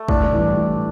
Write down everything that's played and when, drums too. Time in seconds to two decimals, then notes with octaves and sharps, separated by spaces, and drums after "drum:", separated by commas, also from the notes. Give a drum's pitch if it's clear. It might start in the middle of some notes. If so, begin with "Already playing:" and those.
Already playing: A3
0.08 A2 D4, drum: kick
0.33 E3 G3
0.56 A2